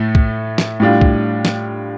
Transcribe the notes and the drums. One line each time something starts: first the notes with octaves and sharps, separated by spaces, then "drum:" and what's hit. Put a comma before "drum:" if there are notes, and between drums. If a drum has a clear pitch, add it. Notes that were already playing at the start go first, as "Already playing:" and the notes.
Already playing: A2 A3
drum: kick
drum: snare
A2 G3 D4 F4
drum: kick
drum: snare